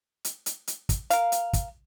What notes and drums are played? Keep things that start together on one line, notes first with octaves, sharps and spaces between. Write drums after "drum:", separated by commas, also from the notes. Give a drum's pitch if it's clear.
drum: hi-hat
drum: hi-hat
drum: hi-hat
drum: kick, hi-hat
A#4 F5, drum: hi-hat
drum: hi-hat
drum: kick, hi-hat